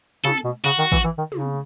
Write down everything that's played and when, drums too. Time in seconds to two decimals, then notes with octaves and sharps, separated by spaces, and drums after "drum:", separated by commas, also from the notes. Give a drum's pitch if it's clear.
0.24 C#3 A4, drum: tom
0.44 B2
0.64 C#3 F#4
0.79 D#3, drum: hi-hat
0.92 E3, drum: kick
1.04 E3
1.18 D#3
1.32 C#3, drum: tom